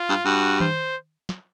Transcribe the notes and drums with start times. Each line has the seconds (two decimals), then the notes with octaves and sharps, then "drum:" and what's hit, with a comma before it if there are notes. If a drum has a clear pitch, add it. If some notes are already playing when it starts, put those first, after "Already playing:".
Already playing: F4
0.09 G2
0.25 G2 F#4
0.60 C5, drum: tom D#3
1.29 drum: snare